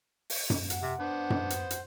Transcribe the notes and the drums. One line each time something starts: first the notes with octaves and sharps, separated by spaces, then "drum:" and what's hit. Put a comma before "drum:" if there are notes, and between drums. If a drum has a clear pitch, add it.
drum: open hi-hat
drum: tom F#2
F#5, drum: hi-hat
C3
B3 D4 C5
drum: tom F#2
drum: hi-hat
drum: hi-hat